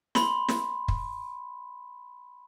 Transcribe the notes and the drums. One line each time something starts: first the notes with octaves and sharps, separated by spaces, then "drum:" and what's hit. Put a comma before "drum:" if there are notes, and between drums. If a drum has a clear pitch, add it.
B5 C6, drum: snare
drum: snare
drum: kick